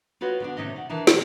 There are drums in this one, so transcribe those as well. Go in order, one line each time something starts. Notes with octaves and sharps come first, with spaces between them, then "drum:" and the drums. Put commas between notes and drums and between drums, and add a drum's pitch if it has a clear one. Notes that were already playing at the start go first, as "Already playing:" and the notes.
F4 F#4 B4 C#5 D#5
D3 B3 D4
A2 C3 D#3 C#4 D#5
D5 F#5
D#3 E3 D4 A5
B2, drum: snare